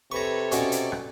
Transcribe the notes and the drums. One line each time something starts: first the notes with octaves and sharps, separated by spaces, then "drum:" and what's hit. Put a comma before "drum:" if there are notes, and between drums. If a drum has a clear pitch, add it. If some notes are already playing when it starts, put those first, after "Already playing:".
C3 A4 B4 C#5 A#5 C#6
B2 C#4 D5, drum: hi-hat
drum: hi-hat
drum: rim click